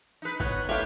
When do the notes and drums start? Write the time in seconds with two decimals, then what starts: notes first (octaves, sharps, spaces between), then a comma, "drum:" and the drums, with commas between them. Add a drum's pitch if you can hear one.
0.22 D#4 B4
0.40 B3 C#5 F#6, drum: kick
0.69 A3 G4 B4 C#5 F5